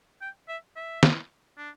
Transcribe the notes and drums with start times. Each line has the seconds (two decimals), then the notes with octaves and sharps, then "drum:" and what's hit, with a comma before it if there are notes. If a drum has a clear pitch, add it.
0.21 G5
0.49 E5
0.76 E5
1.03 drum: snare
1.57 D4